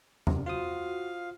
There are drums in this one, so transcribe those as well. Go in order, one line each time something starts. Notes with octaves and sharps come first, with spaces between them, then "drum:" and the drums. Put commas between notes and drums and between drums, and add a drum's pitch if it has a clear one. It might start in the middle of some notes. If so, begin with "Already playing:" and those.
F#2 C3 D4, drum: tom E2
F4 F#4 C5 F5 D#6